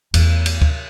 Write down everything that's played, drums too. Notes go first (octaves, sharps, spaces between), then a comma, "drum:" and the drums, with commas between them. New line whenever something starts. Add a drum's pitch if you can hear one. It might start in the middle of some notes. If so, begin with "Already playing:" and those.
E2 A3, drum: cymbal
drum: cymbal
drum: kick D2